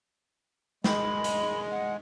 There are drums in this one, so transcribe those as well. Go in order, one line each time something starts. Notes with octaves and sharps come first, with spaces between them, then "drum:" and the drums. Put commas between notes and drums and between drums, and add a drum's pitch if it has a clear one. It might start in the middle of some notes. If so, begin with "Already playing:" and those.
G#3 B5, drum: snare
drum: hi-hat
F#5